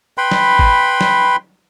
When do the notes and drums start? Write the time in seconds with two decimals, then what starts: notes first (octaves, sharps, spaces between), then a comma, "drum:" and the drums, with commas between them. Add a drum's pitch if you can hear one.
0.18 B4 G5 B5 C6
0.31 drum: snare
0.59 drum: kick
1.01 drum: snare